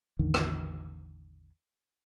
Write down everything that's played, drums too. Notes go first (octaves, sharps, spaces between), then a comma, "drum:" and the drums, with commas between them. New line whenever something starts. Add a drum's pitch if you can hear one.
A1 E2 D3 D#3
drum: rim click